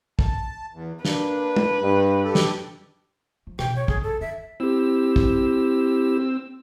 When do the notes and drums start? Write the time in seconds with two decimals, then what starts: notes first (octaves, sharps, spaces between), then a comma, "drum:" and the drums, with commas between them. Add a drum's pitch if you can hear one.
0.19 A5, drum: kick
0.73 E2
1.05 A#3 D4 B4, drum: snare
1.56 drum: tom
1.82 G2
2.24 G4 A4
2.35 drum: snare
3.47 F3
3.59 A1 B2 G5, drum: rim click
3.76 C#5
3.88 F2 G#4, drum: kick
4.03 A4
4.21 D#3 E5
4.60 C4 E4 G4 E6
5.16 drum: kick